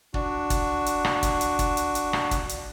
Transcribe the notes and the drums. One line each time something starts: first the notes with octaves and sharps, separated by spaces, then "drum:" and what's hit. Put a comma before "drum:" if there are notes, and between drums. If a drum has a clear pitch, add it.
D4 F#4, drum: kick
drum: kick, hi-hat
drum: hi-hat
drum: rim click
drum: kick, hi-hat
drum: hi-hat
drum: kick, hi-hat
drum: hi-hat
drum: hi-hat
drum: rim click
drum: kick, hi-hat
drum: hi-hat